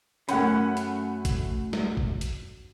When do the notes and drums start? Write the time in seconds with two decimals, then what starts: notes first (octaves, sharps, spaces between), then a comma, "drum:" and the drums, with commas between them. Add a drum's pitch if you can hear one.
0.29 F#2 A3 C#4 F#5 B5, drum: hi-hat
0.77 drum: hi-hat
1.25 drum: kick G#1, hi-hat
1.73 drum: snare
1.97 drum: kick G#1
2.21 drum: hi-hat